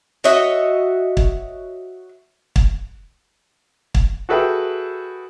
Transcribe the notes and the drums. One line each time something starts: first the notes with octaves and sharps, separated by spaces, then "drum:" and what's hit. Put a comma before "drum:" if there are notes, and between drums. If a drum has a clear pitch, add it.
F#4 C#5 D#5 E5
drum: kick
drum: kick
drum: kick
F#4 G#4 A4 B4 E5 G5